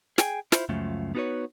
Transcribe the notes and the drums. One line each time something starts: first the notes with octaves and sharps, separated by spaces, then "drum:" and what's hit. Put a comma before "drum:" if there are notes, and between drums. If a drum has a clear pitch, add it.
G#4 G5 G#5, drum: snare
E4 F4 C5, drum: snare
C#2 F#2 C#3 F3 A3
B3 D#4 F#4 A4 B4 C#5